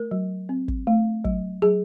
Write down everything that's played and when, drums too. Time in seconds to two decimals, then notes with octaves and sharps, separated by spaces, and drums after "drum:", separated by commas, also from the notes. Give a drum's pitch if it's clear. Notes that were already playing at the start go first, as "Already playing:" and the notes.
Already playing: A3 A#4
0.11 F#3
0.49 C4
0.68 drum: kick
0.87 A3
1.24 F#3, drum: kick
1.62 F#3 G#4